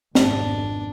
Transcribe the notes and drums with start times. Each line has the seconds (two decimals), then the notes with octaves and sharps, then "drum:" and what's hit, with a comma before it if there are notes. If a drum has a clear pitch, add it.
0.15 G#1 F2 B2 D4, drum: snare